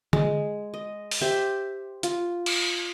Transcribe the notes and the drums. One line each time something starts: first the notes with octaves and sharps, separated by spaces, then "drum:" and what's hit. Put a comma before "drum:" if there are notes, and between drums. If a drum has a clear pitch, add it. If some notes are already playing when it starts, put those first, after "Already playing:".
G#3, drum: tom D3
D#5
drum: open hi-hat
G4 C5 E5
F4, drum: hi-hat
drum: cymbal